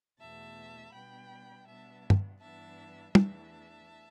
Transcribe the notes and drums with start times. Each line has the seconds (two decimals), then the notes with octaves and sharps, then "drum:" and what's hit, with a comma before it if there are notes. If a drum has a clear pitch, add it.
0.20 E2 B2 A3 E5 A5
0.93 B2 G3 B3 D4 G5 B5
1.67 B2 G3 B3 D4 E5 A5
2.10 drum: tom
2.41 G2 E3 B3 D4 E5 A5
3.15 E2 E3 A3 D4 E5 A5, drum: tom